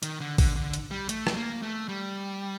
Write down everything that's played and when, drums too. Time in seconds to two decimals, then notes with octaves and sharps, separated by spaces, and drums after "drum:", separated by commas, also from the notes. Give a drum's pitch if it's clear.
0.03 D#3, drum: hi-hat
0.20 D3
0.38 D3, drum: kick A1, open hi-hat
0.56 D3
0.74 drum: hi-hat
0.91 G3
1.09 A3, drum: hi-hat
1.27 drum: rim click
1.36 A#3
1.62 A3
1.89 G3